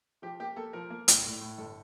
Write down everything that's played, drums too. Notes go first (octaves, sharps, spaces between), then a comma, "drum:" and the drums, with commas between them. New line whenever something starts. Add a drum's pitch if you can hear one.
F3 G4
A#3 G4
A#3 A4
F3 A#4
A#3
A2, drum: hi-hat
A2
A2
G1 A4